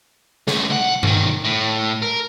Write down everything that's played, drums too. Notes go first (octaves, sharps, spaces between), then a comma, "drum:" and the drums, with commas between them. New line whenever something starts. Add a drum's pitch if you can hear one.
C#3 A3, drum: snare
B1 F#5
B1 D#3, drum: tom G2
A2
A#4